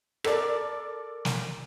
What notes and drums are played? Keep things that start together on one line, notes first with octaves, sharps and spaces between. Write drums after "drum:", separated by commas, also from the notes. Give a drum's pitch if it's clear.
A4 A#4 D5, drum: rim click
drum: snare